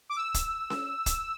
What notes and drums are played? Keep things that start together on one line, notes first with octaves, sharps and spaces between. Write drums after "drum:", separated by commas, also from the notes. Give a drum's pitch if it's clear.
D6
E6
drum: kick, hi-hat
drum: snare C#4
drum: kick, hi-hat